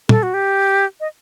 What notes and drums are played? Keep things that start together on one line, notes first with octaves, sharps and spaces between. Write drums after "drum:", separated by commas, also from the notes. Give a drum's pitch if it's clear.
A4, drum: tom
F#4
G4
D#5